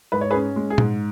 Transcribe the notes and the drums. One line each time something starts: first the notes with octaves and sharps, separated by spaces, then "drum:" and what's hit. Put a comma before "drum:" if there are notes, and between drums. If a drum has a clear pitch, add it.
G#2 B4
C#5
G#4 B4
C#4
G#3
G#4
G#2, drum: tom A#2